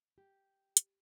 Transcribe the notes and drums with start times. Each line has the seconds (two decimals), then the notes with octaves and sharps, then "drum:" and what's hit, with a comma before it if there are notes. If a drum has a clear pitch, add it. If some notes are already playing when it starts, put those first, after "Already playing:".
0.18 G4
0.77 drum: hi-hat